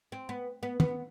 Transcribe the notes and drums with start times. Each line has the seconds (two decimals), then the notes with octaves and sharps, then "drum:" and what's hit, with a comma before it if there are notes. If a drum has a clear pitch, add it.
0.12 C4
0.29 B3
0.63 B3
0.80 B3, drum: tom